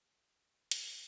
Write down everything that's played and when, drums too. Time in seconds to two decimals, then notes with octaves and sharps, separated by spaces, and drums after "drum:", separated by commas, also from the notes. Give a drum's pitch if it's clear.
0.71 G#4 D5 D#6 A6, drum: hi-hat